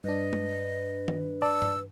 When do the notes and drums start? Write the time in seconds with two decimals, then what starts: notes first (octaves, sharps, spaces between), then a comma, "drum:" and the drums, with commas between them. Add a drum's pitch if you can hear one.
0.04 G2 D4 B4 D#5
0.33 drum: tom G#3
1.08 drum: tom D#3
1.42 D5 A5 E6
1.62 drum: tom G2